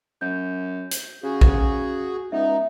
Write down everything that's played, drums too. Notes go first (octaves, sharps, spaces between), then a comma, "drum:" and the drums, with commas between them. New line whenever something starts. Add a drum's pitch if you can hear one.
F#2 G6
drum: hi-hat
C#3 F#4 G#4
drum: kick A#1
C#2 B3 D#4 E5